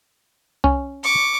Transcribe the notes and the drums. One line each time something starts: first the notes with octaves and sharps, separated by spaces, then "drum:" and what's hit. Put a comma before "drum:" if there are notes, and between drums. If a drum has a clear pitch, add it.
C#4, drum: kick C2
C#6 D6, drum: open hi-hat